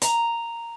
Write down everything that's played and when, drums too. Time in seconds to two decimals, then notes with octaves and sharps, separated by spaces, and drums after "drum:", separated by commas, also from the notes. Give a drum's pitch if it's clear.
0.02 A#5, drum: hi-hat